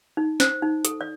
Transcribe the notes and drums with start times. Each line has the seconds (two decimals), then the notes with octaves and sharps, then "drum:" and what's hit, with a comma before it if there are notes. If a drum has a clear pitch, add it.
0.17 D#4
0.40 C5, drum: snare
0.62 D#4
0.85 A4, drum: hi-hat
1.01 D5